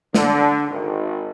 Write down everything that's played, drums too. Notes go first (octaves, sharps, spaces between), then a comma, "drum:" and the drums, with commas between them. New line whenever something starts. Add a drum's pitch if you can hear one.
D3, drum: snare
G#1